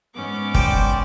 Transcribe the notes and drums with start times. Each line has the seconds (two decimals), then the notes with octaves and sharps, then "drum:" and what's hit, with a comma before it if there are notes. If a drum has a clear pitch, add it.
0.14 G#2 B3 C#4 D6
0.54 C5 D5 G5, drum: kick